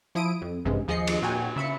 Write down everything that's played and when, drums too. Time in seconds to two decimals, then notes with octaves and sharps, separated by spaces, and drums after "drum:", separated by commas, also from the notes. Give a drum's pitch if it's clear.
0.15 F3 E4 D#6 D7 D#7
0.42 F2
0.65 A1 G2 C3 G#3
0.88 D#2 F3 G#4 D#5 C7 C#7
1.07 drum: cymbal
1.22 A#2 F#4 G5 G#5
1.56 C#3 E5 B5 C#7